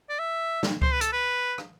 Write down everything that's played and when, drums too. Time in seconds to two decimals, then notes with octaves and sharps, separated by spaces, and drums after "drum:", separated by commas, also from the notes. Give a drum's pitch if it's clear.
0.09 D5
0.19 E5
0.63 drum: snare D#4
0.82 C5, drum: kick C#2
0.92 B4
1.01 A4, drum: hi-hat
1.12 B4
1.58 drum: rim click